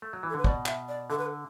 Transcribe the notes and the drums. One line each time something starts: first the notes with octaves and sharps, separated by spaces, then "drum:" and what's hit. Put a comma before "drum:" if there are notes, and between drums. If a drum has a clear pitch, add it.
A3
F#3
E3
A4
D3 B4
B2 D5, drum: kick
E5, drum: clap
D5
D3 A4
B4
A4